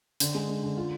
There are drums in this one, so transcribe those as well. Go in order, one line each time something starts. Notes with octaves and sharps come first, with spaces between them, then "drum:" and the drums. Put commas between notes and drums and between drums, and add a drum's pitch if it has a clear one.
D3, drum: hi-hat
G#3
G#3
D3
F4